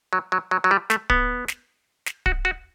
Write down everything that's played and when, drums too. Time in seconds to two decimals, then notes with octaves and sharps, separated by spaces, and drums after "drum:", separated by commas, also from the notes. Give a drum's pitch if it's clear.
0.13 F#3
0.32 F#3
0.51 F#3
0.64 F#3
0.71 G3
0.90 A3, drum: snare
1.10 B3, drum: kick D1
1.48 drum: snare
2.06 drum: snare
2.26 F#4, drum: kick D1
2.45 F#4